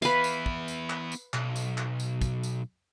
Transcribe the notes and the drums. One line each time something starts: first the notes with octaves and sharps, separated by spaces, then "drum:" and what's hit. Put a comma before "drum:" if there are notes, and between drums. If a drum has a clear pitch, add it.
B3 E4 B4 F5, drum: tambourine
drum: tambourine
drum: kick
drum: tambourine
drum: clap
drum: tambourine
B1, drum: clap
drum: tambourine
drum: clap
drum: tambourine
drum: kick, tambourine
drum: tambourine